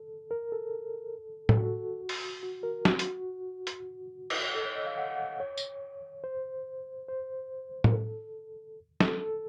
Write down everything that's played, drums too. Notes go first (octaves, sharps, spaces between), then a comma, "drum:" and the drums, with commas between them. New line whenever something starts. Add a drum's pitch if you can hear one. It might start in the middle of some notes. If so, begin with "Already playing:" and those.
Already playing: A4
A#4
A4
A4, drum: tom
F#4
drum: open hi-hat
F#4
A#4
F#4, drum: snare
drum: hi-hat
drum: hi-hat
drum: cymbal
A4
C#5
D#5
F5
F#5
F#5
C#5
drum: tambourine
C5
C5
A#4, drum: tom
A4
A4, drum: snare
A4